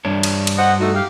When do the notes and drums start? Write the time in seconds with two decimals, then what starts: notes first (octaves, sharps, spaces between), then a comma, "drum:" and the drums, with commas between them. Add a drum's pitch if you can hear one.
0.05 G2 D4 C#5
0.23 drum: cymbal
0.47 drum: cymbal
0.58 C5 D#5 F#5
0.79 A3 D#4 F#4
0.95 G4 F5